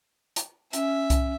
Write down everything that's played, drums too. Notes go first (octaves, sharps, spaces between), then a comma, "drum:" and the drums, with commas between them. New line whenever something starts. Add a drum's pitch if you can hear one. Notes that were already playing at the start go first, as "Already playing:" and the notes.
drum: hi-hat
C#4 E5, drum: hi-hat
drum: kick C2, hi-hat